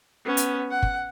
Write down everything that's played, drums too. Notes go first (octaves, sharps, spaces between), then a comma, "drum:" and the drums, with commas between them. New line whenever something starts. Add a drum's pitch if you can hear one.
B3 C#4
drum: hi-hat
F#5
drum: kick